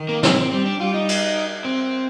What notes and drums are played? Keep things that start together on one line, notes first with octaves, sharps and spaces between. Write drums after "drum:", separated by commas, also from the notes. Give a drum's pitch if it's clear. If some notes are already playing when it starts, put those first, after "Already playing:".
Already playing: D#3
A#3
C4, drum: snare
C4
G3 C4
D4
G3 F4
D#4
drum: cymbal
C4